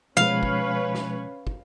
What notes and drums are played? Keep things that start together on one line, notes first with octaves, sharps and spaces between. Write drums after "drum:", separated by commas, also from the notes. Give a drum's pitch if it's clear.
B2 F3 G#3 C#4 B4 C#5 F5
drum: kick
drum: snare
drum: kick